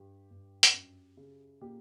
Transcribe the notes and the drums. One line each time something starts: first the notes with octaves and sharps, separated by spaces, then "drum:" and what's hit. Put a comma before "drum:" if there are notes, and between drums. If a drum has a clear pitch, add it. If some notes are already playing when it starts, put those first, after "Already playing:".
Already playing: G2 G4
G2
drum: hi-hat
F#2
C#3
A#2 G4